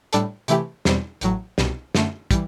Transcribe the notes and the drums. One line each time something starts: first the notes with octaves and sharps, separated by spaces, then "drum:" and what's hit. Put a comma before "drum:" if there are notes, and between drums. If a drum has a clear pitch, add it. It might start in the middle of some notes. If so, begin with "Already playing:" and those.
A2 G3 D4 A4, drum: hi-hat
C3 E3 A3 E4 G4, drum: hi-hat
E2 B2 G3 C4, drum: snare
A1 A2 F#3, drum: hi-hat
C2 B2 G3, drum: snare
F#2 D3 A3, drum: snare
E3 G3, drum: kick, hi-hat